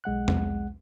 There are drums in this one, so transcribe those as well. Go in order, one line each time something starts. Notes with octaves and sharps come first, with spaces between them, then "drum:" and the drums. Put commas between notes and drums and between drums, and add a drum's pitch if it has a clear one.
B1 G#3 F#5 F#6
drum: tom E2